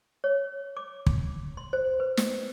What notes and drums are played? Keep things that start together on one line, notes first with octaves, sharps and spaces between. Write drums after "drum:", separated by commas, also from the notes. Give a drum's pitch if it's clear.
C#5
D6
drum: kick
C6
C5
B4
drum: snare